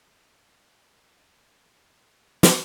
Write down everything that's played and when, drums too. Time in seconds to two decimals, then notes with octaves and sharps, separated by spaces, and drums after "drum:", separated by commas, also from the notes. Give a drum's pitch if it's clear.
0.12 G#2
0.41 G2
1.30 G2
1.59 G#2
1.89 G2
2.43 drum: snare